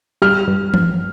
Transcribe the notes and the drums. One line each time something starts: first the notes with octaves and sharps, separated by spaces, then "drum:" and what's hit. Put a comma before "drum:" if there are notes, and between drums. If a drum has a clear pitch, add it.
G3 F6
G2
G2, drum: tom E3